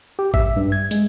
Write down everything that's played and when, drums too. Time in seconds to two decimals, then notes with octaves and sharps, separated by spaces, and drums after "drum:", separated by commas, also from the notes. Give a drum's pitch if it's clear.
0.19 G4
0.34 E5, drum: kick A1
0.56 G2
0.72 G#6
0.91 G#3, drum: hi-hat